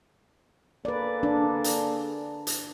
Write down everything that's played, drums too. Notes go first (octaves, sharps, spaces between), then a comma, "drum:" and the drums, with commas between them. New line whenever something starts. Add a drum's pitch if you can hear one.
A#3 G#4 A4 B4 D5
D4
drum: hi-hat
drum: hi-hat